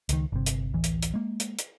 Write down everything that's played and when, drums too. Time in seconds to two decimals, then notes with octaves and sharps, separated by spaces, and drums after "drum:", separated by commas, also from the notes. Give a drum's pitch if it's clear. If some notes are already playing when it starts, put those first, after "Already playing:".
0.09 C#2 D#3, drum: hi-hat
0.32 G1 C3
0.46 drum: hi-hat
0.74 D1 A1 E3
0.84 drum: hi-hat
1.03 drum: hi-hat
1.14 G#3 A#3
1.40 drum: hi-hat
1.59 drum: hi-hat